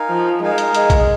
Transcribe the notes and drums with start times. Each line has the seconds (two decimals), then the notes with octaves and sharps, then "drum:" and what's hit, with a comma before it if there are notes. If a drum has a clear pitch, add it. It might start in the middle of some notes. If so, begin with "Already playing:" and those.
Already playing: D#4 A#4 F5 G#5
0.10 F3
0.41 G#3 D#4 A#4 F5 G#5
0.58 drum: hi-hat
0.74 G#3, drum: hi-hat
0.90 drum: kick B1, hi-hat